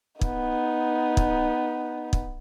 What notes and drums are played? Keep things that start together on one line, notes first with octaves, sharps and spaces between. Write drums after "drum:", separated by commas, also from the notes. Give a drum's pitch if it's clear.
B3 D#4, drum: kick
drum: kick
drum: kick